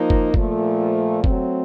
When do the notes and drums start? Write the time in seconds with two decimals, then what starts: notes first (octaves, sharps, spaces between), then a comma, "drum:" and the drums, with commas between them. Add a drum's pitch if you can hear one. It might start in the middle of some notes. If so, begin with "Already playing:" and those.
Already playing: F3 A#3 D#4
0.10 drum: kick
0.34 A#2 F3 A3, drum: kick
1.24 F#3 A3 C4, drum: kick